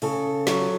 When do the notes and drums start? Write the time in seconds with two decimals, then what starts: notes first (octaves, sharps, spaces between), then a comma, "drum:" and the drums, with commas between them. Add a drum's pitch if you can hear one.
0.02 C#3 A4, drum: open hi-hat
0.47 F#3, drum: snare